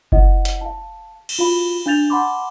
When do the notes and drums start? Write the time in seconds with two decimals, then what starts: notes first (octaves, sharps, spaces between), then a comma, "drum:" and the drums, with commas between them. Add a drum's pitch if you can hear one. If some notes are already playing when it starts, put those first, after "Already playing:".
0.12 E4 D#5 F#5, drum: kick F#1
0.45 drum: hi-hat
0.61 F5 A5
1.29 drum: cymbal
1.39 F4 F#4 F5 B5
1.86 D4 F5 G6 A6 F7
2.10 F#5 A5 B5 C6 D6